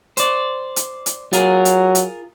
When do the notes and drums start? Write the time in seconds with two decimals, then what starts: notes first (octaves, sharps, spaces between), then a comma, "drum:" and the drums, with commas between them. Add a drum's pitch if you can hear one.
0.17 C5 D5, drum: hi-hat
0.76 drum: hi-hat
1.06 drum: hi-hat
1.33 F#3 F4 G#4 A#4, drum: hi-hat
1.65 drum: hi-hat
1.95 drum: hi-hat